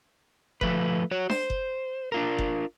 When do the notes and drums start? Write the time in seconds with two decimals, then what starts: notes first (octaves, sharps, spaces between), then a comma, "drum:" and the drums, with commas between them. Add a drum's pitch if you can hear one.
0.61 F3 A3 B4, drum: kick F#1
1.11 F#4 C#5
1.30 C5, drum: snare D4
1.50 drum: kick F#1
2.12 D4 F4 A#4
2.39 drum: kick F#1